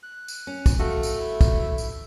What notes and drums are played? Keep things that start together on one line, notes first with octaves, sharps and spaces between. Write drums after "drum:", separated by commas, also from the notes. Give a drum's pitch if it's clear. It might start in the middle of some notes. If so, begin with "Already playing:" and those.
F#6
drum: tambourine
C#4
drum: kick, tambourine
A3 F#4 A4 F5
drum: tambourine
E4 E5
drum: kick, tambourine
drum: tambourine